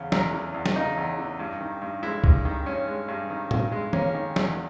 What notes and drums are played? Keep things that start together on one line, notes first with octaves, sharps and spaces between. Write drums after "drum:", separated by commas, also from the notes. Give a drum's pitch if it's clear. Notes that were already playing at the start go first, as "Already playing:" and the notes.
Already playing: E2 C#3
E2 A#4, drum: snare
E3
E2
drum: snare
C#3 D#4
E2
E3
G2
D#3
G2
G#3 E4
G2, drum: kick B1
D#3
G2 C#4
G#3
G2
D#3
G2, drum: tom A2
G#3
A#3 C#4, drum: tom D#3
D#3
E2, drum: snare